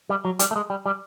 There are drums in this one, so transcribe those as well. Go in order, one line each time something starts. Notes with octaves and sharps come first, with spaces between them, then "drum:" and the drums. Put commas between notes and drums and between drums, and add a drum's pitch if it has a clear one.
G3
F#3
G3, drum: hi-hat
A3
G#3
G3
G3